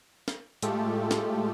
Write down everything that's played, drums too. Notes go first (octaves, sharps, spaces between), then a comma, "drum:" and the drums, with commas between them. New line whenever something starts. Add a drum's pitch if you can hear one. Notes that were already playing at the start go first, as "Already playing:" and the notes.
drum: snare
A2 G#3 A3 F4 G4 A4, drum: hi-hat
drum: snare